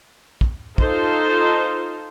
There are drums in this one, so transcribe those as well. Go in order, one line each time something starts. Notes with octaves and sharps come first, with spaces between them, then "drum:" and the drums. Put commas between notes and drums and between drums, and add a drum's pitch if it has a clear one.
drum: kick
D#4 F4 A4 C5, drum: kick